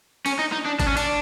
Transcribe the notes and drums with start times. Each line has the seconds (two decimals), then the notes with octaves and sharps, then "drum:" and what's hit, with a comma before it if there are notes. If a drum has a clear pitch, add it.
0.26 C#4, drum: cymbal
0.39 D#4
0.52 D#4
0.66 D4
0.80 D4, drum: kick, cymbal
0.87 C#4
0.97 D4, drum: cymbal